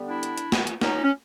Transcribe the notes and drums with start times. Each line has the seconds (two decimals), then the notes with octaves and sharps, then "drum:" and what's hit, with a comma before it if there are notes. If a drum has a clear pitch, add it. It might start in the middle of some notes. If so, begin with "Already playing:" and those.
Already playing: D3 G3 B3
0.08 D4 E4
0.23 drum: hi-hat
0.38 drum: hi-hat
0.52 drum: snare
0.67 drum: hi-hat
0.81 C#4 D#4, drum: snare
1.04 C#4